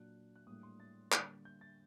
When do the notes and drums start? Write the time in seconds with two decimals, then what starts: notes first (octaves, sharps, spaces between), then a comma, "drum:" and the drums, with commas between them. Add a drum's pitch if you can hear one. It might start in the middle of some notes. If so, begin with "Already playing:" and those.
Already playing: A#2 F#3 A#3 D4 F#6
0.36 F#6
0.47 A2 G3 A#3 D4 D#6
0.63 C6
0.80 A6
1.12 D3 G3 A#3, drum: clap
1.45 G6
1.61 A6